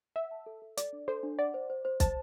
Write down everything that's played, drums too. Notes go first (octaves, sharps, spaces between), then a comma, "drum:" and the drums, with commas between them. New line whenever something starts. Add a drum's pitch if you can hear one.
E5 F#5
A5
A4
A4
A4 D5, drum: hi-hat
D4
A4 C5
D4
D5 F#5
C5
C5
C5
C5 A5, drum: kick, hi-hat